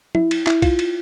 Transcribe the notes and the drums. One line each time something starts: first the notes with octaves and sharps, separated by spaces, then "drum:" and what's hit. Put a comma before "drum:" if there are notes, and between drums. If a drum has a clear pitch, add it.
E4, drum: tom
drum: cymbal
E4, drum: clap
F4, drum: kick, cymbal
drum: cymbal